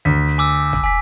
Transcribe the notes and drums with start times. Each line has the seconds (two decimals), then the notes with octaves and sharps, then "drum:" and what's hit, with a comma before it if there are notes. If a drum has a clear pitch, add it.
0.05 D2 B6
0.28 drum: hi-hat
0.38 G#5 D6 E6
0.73 drum: kick, hi-hat
0.84 G#5 B6